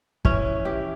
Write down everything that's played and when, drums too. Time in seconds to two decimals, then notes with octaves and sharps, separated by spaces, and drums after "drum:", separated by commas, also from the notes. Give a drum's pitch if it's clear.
0.25 E3 C#4 E4, drum: kick
0.65 E3 E4 G4